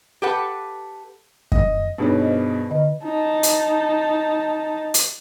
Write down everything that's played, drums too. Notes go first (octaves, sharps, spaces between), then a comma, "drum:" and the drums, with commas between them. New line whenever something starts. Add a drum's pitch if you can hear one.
G4 A4 B4 F#5
D#5, drum: kick F#2
G2 B2 B3 D#4 G#4 C#5
C5 D#5
D3 D#5
D#4 A5
drum: hi-hat
drum: hi-hat